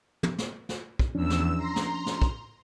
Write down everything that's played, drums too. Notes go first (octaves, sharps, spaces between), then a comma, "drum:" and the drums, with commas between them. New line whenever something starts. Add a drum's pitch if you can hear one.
drum: tom
drum: snare
drum: snare
drum: kick
E2 F3 C#4 D4 E6
drum: snare
A#5 C6
drum: snare
drum: snare
drum: kick